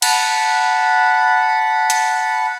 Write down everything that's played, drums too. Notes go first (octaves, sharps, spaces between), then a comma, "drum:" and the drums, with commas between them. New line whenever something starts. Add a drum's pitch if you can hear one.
F#5 A5 B5, drum: cymbal
drum: hi-hat